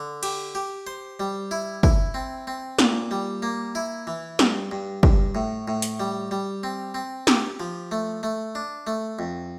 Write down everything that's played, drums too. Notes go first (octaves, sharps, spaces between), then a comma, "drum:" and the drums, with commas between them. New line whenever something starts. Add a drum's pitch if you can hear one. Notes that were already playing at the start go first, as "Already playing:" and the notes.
Already playing: D3
G4, drum: cymbal
G4
C5
G3
E4
E4, drum: kick
C4
C4
A#2, drum: snare
G3
A#3
E4
E3
G2, drum: snare
G2
G2, drum: kick
A2
A2
drum: hi-hat
G3
G3
C4
C4
G4, drum: snare
F3
A3
A3
D4
A3
F2